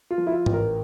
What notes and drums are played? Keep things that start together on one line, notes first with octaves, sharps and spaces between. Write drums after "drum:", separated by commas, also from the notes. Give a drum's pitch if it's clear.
F4
F3
E4
F4
A1, drum: tom G#2
A#4